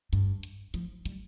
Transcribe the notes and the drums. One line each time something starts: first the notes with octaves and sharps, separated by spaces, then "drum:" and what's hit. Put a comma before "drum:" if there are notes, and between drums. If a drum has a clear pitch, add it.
G2, drum: hi-hat
drum: hi-hat
F3, drum: hi-hat
G3, drum: hi-hat